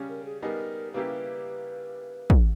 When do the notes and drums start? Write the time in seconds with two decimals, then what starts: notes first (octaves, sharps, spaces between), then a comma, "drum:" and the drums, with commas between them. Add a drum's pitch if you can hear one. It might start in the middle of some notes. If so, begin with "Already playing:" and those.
Already playing: C#3 G3 C#4
0.08 A#4
0.25 G#4
0.42 G3 B3 D#4 G#4 A#4
0.94 C#3 G3 A#3 E4 G4 B4
2.30 drum: kick